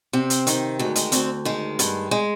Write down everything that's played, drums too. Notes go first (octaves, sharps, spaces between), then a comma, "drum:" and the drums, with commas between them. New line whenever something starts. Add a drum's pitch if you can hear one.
C3 C4
drum: hi-hat
D#3, drum: hi-hat
D2 G#3
G#3, drum: hi-hat
D2 C4, drum: hi-hat
D#3 G#3
G2, drum: hi-hat
G#3